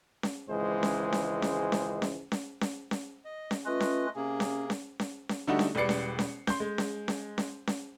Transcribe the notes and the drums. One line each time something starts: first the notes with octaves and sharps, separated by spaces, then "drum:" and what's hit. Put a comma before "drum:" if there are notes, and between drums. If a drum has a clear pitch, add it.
drum: snare C#4
G#1 C#2 E3 G#3 C5
drum: snare C#4
drum: snare C#4
drum: snare C#4
drum: snare C#4
drum: snare C#4
drum: snare C#4
drum: snare C#4
drum: snare C#4
D#5
drum: snare C#4
A3 C#4 F4 B4 D#5
drum: snare C#4
C3 A#3 C#4 G#4
drum: snare C#4
drum: snare C#4
drum: snare C#4
drum: snare C#4
D3 G3 A3 D4 D#4 F#4
drum: snare C#4
E1 G3 B4 D5 C7 C#7
drum: snare C#4
drum: snare C#4
C6 G6, drum: snare C#4
G#3
drum: snare C#4
drum: snare C#4
drum: snare C#4
drum: snare C#4